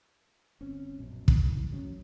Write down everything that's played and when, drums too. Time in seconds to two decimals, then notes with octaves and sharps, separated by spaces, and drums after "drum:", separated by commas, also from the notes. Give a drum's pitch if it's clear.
0.61 G1 C4 C#4
0.99 A#1 F#2 B2
1.28 drum: kick
1.46 F#2 E3
1.71 A1 F#3 C#4